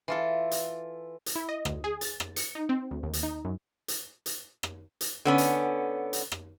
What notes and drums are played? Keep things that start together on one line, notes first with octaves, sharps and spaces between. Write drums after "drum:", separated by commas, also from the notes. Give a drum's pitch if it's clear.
E3 F4 A4
drum: hi-hat
drum: hi-hat
E4
D#5
D2, drum: rim click
G#4
A6, drum: hi-hat
drum: rim click
C#7, drum: hi-hat
D#4
C4
D2
D#2
drum: hi-hat
D#4
F#2
drum: hi-hat
drum: hi-hat
drum: rim click
drum: hi-hat
D3 B3 C#4
drum: hi-hat
drum: hi-hat
drum: rim click